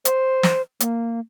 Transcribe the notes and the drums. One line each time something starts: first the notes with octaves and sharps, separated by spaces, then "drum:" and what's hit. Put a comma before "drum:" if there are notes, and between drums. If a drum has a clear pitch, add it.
C5, drum: hi-hat
drum: snare
A#3, drum: hi-hat